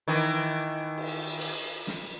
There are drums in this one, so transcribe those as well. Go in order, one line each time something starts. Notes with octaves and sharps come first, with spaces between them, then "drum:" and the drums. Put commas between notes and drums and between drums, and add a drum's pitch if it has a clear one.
D#3 E3
drum: cymbal
drum: open hi-hat
drum: snare